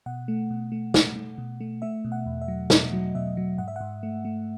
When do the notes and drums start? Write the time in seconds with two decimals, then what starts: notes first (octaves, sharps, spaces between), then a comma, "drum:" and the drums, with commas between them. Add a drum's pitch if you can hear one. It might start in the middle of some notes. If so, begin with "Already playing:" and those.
0.06 B2 F#5
0.28 A3
0.51 B2
0.72 A3
0.94 A3, drum: snare
1.16 A3
1.38 B2
1.61 A3
1.82 A3 E5
2.05 B2
2.12 F#5
2.26 E2
2.42 E5
2.48 F#3
2.70 B2 D#5, drum: snare
2.93 F#3
3.15 B2 E5
3.37 F#3
3.58 G#2 F#5
3.68 E5
3.76 G#2 F#5
4.03 A3
4.25 A3